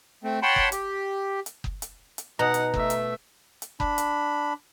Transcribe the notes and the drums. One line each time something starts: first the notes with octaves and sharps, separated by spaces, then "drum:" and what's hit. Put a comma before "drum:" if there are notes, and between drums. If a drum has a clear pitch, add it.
A3 C4
C#5 F#5 G5 A5 B5 C6
drum: kick F#1
G4, drum: hi-hat
drum: hi-hat
drum: kick F#1
drum: hi-hat
drum: hi-hat
B2 D#4 D#5 F#5 A#5
drum: hi-hat
A3 E5, drum: kick F#1
drum: hi-hat
drum: hi-hat
D4 B5, drum: kick F#1
drum: hi-hat